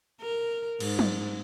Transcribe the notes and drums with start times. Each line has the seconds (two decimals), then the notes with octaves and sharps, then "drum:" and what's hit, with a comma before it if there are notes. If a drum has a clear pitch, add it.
0.21 A#4
0.80 G#2, drum: cymbal
0.99 drum: tom